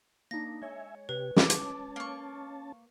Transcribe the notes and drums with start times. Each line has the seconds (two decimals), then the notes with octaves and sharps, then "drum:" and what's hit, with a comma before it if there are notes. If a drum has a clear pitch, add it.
0.31 A#3 D4 D#4 A#6
0.62 G#3 C#5 E5 G#5
1.09 C3 G4 B4
1.36 C#4 A5 D6, drum: snare
1.50 drum: hi-hat
1.96 A#3 C#6